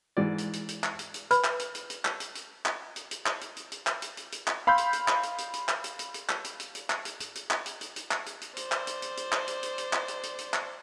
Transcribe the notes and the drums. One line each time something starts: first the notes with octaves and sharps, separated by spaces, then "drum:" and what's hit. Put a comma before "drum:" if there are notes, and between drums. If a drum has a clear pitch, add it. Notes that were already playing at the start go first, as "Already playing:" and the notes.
G#2 E3 D5
drum: hi-hat
drum: hi-hat
drum: hi-hat
drum: clap
drum: hi-hat
drum: hi-hat
B4 B5, drum: hi-hat
drum: clap
drum: hi-hat
drum: hi-hat
drum: hi-hat
drum: clap
drum: hi-hat
drum: hi-hat
drum: clap
drum: hi-hat
drum: hi-hat
drum: clap
drum: hi-hat
drum: hi-hat
drum: hi-hat
drum: clap
drum: hi-hat
drum: hi-hat
drum: hi-hat
drum: clap
F5 B5 C6 E6 G6
drum: hi-hat
drum: hi-hat
drum: clap
drum: hi-hat
drum: hi-hat
drum: hi-hat
drum: clap
drum: hi-hat
drum: hi-hat
drum: hi-hat
drum: clap
drum: hi-hat
drum: hi-hat
drum: hi-hat
drum: clap
drum: hi-hat
drum: hi-hat
drum: hi-hat
drum: clap
drum: hi-hat
drum: hi-hat
drum: hi-hat
drum: clap
drum: hi-hat
drum: hi-hat
C5 D5, drum: hi-hat
drum: clap
drum: hi-hat
drum: hi-hat
drum: hi-hat
drum: clap
drum: hi-hat
drum: hi-hat
drum: hi-hat
drum: clap
drum: hi-hat
drum: hi-hat
drum: hi-hat
drum: clap